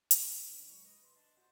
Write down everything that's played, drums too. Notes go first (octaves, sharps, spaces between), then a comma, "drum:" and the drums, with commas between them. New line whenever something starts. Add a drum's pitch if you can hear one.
drum: hi-hat
C#3 D4 D5
G#2 F#3 C#6
B4 D#5
C6
D4 D#5
F#4 C5 D#5